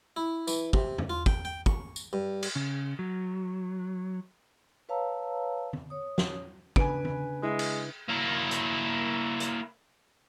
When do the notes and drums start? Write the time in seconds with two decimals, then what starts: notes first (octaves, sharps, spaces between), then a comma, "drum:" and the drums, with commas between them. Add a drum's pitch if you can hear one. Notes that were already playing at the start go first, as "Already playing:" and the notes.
0.16 E4
0.48 E3, drum: tambourine
0.73 C3, drum: kick
0.98 drum: tom E2
1.10 F4
1.26 G5, drum: kick
1.45 G5
1.66 C#6, drum: kick
1.96 drum: tambourine
2.13 G2
2.43 drum: cymbal
2.55 C#3
2.99 F#3
4.89 B4 C#5 F5 A5 A#5 E6
5.73 drum: tom D3
5.90 C#5 D#6
6.18 drum: snare
6.76 C#3 D4 B4 G#5 D7, drum: kick
7.05 drum: tom D3
7.43 G#3 E4
7.59 drum: cymbal
8.08 A#3 E4
8.51 drum: hi-hat
9.40 drum: hi-hat